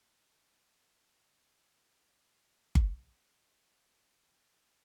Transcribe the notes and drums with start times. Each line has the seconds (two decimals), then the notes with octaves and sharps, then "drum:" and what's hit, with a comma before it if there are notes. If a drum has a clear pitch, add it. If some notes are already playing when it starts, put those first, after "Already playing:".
0.09 G#3
0.42 F3
1.08 G3
1.41 F3
2.08 F3
2.43 G3
2.75 drum: kick G1
3.09 G#3
3.76 C#4